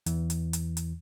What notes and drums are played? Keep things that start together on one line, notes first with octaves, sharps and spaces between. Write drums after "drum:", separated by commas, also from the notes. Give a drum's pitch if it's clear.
E2 E3, drum: hi-hat
drum: hi-hat
drum: hi-hat
drum: hi-hat